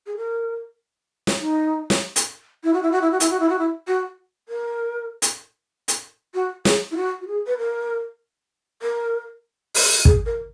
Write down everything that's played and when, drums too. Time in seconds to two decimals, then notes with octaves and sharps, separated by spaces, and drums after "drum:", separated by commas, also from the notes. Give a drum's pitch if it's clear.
0.07 G#4
0.17 A#4
1.27 drum: snare
1.40 D#4
1.90 drum: snare
2.16 drum: hi-hat
2.64 E4
2.74 F#4
2.83 E4
2.92 F#4
3.01 E4
3.11 F#4
3.20 E4, drum: hi-hat
3.30 F#4
3.40 E4
3.49 F#4
3.59 E4
3.87 F#4
4.49 A#4
5.22 drum: hi-hat
5.88 drum: hi-hat
6.34 F#4
6.65 G#4, drum: snare
6.91 E4
6.96 F#4
7.21 F#4
7.27 G#4
7.47 B4
7.58 A#4
8.82 A#4
9.75 drum: open hi-hat
10.05 G#4, drum: kick
10.26 A#4